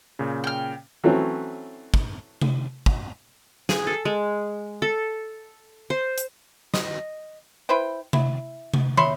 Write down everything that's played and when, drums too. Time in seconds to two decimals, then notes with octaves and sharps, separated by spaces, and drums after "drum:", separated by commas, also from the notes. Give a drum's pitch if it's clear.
0.19 A#2 C#3
0.44 G5 F6
1.04 E3 F#3 A3 C4 C#4
1.94 drum: kick
2.41 drum: tom C3
2.86 drum: kick
3.69 G#4, drum: snare
3.87 A4
4.05 G#3
4.82 A4
5.90 C5
6.18 drum: hi-hat
6.74 D#5, drum: snare
7.69 E4 B4 C5 G5
8.13 E4, drum: tom C3
8.74 drum: tom C3
8.97 C#5 E5 B5 C6, drum: tom